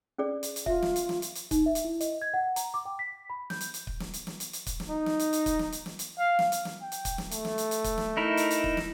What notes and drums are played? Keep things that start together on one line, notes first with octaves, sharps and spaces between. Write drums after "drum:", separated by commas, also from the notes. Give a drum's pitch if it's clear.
C#4 G#4 D5
drum: hi-hat
drum: hi-hat
F4 E5, drum: kick C#1
drum: snare
drum: hi-hat
drum: snare
drum: hi-hat
drum: hi-hat
D#4, drum: kick C#1, hi-hat
E5
drum: hi-hat
E4
D#5, drum: hi-hat
G#6
F#5
A#5, drum: hi-hat
D6
G5
B6
B5
G6, drum: snare
drum: hi-hat
drum: hi-hat
drum: kick C#1
drum: snare
drum: hi-hat
drum: snare
drum: hi-hat
drum: hi-hat
drum: kick C#1, hi-hat
drum: snare
D#4
drum: snare
drum: hi-hat
drum: hi-hat
drum: kick C#1, hi-hat
drum: snare
drum: hi-hat
drum: snare
drum: hi-hat
F5
drum: snare
drum: hi-hat
drum: snare
G5
drum: hi-hat
drum: kick C#1, hi-hat
drum: snare
A3, drum: hi-hat
drum: snare
drum: hi-hat
drum: hi-hat
drum: kick C#1, hi-hat
drum: snare
D#4 E4 A#4
drum: hi-hat
drum: hi-hat
drum: kick C#1
drum: snare